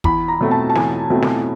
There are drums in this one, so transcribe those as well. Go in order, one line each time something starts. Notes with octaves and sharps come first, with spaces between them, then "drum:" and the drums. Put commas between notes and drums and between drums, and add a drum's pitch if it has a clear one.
E2 B5, drum: kick
A#5
B2 F#3 A3 C4
A5
A5
E2 G#5, drum: snare
B2 F#3 A3 C4
drum: snare